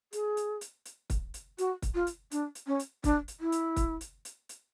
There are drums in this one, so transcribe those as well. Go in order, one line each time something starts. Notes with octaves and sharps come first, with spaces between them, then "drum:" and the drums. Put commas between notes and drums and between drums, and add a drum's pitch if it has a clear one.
G#4, drum: hi-hat
drum: hi-hat
drum: hi-hat
drum: hi-hat
drum: kick, hi-hat
drum: hi-hat
F#4, drum: hi-hat
drum: kick, hi-hat
F4
drum: hi-hat
D4, drum: hi-hat
drum: hi-hat
C#4
drum: hi-hat
D4, drum: kick, hi-hat
drum: hi-hat
E4
drum: hi-hat
drum: kick, hi-hat
drum: hi-hat
drum: hi-hat
drum: hi-hat